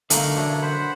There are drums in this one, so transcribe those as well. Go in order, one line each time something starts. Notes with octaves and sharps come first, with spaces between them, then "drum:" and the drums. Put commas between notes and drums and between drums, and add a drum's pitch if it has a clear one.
B1 D3 A3 D#4 A#4 F5, drum: hi-hat
F#2 E3 D4
C5 F#5 B5